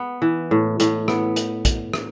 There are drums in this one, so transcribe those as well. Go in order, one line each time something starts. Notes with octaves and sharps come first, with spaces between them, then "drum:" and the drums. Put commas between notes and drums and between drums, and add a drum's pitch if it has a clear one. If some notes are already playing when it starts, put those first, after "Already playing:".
Already playing: B3
E3
A2
A2, drum: hi-hat
B3, drum: rim click
drum: hi-hat
drum: kick, hi-hat
drum: rim click